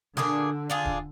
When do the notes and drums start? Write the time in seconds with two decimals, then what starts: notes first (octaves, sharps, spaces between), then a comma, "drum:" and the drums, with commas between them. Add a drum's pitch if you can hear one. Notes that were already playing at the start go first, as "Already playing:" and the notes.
0.17 A#2 D3 D4 G#4, drum: snare
0.70 D4 F4 G#4
0.85 drum: kick